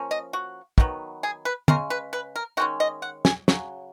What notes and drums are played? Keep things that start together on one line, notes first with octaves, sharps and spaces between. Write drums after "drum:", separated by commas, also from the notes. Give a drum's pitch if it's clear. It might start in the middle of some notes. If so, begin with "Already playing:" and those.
Already playing: F3 A#3 C#4
D#5
F#4
D#3 F#3 B3, drum: kick
G#4
B4
C#3 G#3 C#4 A#4, drum: tom
B4
B4
A#4
D#3 G#3 C#4 F#4
D#5
F#5
G#5, drum: snare
C#3 F#3, drum: snare